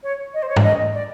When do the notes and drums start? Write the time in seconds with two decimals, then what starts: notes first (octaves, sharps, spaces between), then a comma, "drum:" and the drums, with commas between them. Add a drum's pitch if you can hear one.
0.03 C#5
0.34 D#5
0.42 C5
0.49 C#5
0.56 D5, drum: tom G#2
0.63 D#5
0.94 D5